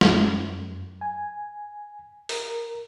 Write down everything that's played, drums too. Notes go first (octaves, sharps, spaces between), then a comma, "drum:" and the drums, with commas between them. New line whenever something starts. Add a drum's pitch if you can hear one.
F#2, drum: snare
G#5
A#4, drum: open hi-hat